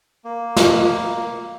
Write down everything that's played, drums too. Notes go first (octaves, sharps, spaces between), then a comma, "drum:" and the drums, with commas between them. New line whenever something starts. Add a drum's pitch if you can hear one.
A#3
drum: snare